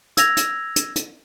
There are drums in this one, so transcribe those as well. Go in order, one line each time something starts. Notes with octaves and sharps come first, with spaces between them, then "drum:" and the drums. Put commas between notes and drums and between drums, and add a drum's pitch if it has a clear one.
E6 G#6 A#6 F7, drum: hi-hat
drum: hi-hat
drum: hi-hat
drum: hi-hat